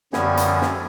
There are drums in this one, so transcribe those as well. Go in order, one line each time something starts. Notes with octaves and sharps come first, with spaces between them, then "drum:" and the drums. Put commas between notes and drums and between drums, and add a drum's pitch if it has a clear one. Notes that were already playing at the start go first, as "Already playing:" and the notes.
F#2 D3 F3 G3 B3 G#5, drum: snare
drum: hi-hat
drum: snare